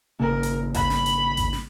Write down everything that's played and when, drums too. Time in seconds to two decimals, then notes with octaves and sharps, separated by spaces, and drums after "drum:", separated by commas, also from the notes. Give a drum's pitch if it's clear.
0.20 G#1 C#3 A#3 A#4
0.43 drum: hi-hat
0.74 B5, drum: kick G#1, hi-hat
0.90 drum: snare
1.06 drum: hi-hat
1.37 drum: kick G#1, hi-hat
1.53 drum: snare